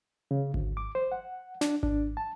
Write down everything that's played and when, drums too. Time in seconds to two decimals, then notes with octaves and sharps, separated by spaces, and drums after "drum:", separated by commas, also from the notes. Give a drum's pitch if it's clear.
0.31 C#3
0.54 D2, drum: kick G#1
0.77 D6
0.95 C5
1.12 F#5
1.61 D4, drum: snare
1.83 D4, drum: kick G#1
2.17 A5